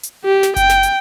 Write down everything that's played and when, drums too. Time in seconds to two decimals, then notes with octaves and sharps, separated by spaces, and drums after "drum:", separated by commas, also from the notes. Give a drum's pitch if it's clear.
0.03 drum: hi-hat
0.24 G4
0.43 drum: snare
0.56 G5, drum: kick F#1, hi-hat
0.70 drum: snare
0.83 drum: hi-hat